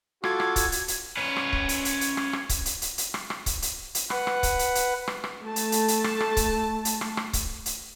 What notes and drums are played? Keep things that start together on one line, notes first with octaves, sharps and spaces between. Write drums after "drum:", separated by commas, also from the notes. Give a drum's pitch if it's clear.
F4 F#4 A4 D6 G#6, drum: rim click
drum: rim click
drum: kick C#1, hi-hat
drum: hi-hat
drum: hi-hat
C#4 B4
drum: rim click
drum: kick C#1
drum: hi-hat
drum: hi-hat
drum: hi-hat
drum: rim click
drum: rim click
drum: kick C#1, hi-hat
drum: hi-hat
drum: hi-hat
drum: hi-hat
drum: rim click
drum: rim click
drum: kick C#1, hi-hat
drum: hi-hat
drum: hi-hat
B4 F#5, drum: rim click
drum: rim click
drum: kick C#1, hi-hat
drum: hi-hat
drum: hi-hat
drum: rim click
drum: rim click
A3 A5
drum: hi-hat
drum: hi-hat
drum: hi-hat
drum: rim click
drum: rim click
drum: kick C#1, hi-hat
drum: hi-hat
drum: rim click
drum: rim click
drum: kick C#1, hi-hat
drum: hi-hat